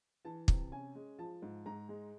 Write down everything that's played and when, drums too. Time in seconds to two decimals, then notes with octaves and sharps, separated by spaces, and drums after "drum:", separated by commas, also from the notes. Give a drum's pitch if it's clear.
0.25 E3 A5
0.48 C3, drum: kick
0.71 C#4 G#5
0.95 G#3
1.19 F3 A5
1.42 G#2
1.66 G#2 A#5
1.89 G#3